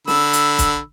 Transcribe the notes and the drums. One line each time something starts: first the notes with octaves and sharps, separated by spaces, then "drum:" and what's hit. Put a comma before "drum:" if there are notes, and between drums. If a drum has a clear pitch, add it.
D3 B5 E6, drum: snare
drum: hi-hat
drum: kick, hi-hat